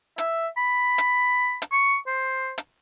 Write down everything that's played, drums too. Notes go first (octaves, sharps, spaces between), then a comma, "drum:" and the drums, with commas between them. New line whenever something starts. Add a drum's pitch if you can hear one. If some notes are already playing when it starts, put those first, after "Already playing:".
E5, drum: hi-hat
B5
drum: hi-hat
drum: hi-hat
C#6
C5
drum: hi-hat